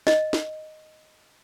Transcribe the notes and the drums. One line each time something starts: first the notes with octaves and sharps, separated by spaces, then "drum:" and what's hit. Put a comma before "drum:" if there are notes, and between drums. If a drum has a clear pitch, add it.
D#5, drum: snare
drum: snare